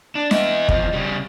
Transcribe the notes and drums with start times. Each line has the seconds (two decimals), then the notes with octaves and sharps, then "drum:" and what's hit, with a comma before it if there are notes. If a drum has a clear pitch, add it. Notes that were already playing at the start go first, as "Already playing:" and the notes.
0.15 D4
0.31 B3 E4 D#5, drum: snare
0.69 E2 F3, drum: kick
0.93 C#3 G3